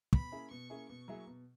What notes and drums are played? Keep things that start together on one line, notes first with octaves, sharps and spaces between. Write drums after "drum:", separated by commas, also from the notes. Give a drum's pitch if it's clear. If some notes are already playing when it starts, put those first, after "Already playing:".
B2 B5, drum: kick
A#3 C#4 E4 G#4
B2 C#6
A#3 C#4 E4 G#4
B2 C#6
F#3 A#3 E4 G#4
B2